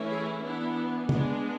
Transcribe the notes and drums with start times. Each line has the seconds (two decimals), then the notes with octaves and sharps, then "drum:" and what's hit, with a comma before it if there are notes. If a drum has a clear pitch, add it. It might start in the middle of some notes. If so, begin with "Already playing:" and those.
Already playing: E3 A3 C#4 E4
0.11 G#4
0.43 E3 B3 D4 E4
1.09 G#3 B3 D4, drum: tom C#3